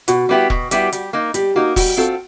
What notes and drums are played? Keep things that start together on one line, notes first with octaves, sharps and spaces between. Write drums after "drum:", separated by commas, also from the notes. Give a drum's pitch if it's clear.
B2 F#4, drum: hi-hat
G3 B3 E4 G4
B2, drum: kick E1
G3 B3 E4 G4, drum: hi-hat
G3, drum: hi-hat
A#3 D#4
G3 G4, drum: hi-hat
A#3 D#4 F#4
G3 F#4, drum: kick E1, open hi-hat
C4 F4 F#4 A4